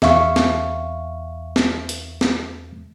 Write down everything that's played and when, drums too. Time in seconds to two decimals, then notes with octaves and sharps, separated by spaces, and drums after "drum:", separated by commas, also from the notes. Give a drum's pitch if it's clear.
0.02 E2 E5 F5 C#6, drum: snare
0.36 drum: snare
1.56 drum: snare
1.89 drum: hi-hat
2.21 drum: snare